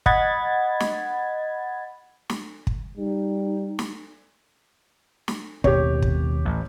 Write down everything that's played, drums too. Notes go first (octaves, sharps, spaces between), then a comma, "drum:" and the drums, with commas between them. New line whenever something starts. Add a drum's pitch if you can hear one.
D#5 F#5 B5 G#6 A6, drum: kick
drum: snare
drum: snare
drum: kick
G3 D#4
drum: snare
drum: snare
D#2 B2 C4 G4 C#5, drum: kick
drum: kick
A1